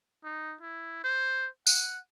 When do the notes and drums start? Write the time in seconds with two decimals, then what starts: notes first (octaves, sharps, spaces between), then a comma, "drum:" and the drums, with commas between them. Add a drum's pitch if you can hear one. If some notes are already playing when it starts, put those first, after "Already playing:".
0.24 D#4
0.61 E4
1.04 C5
1.67 F#5, drum: tambourine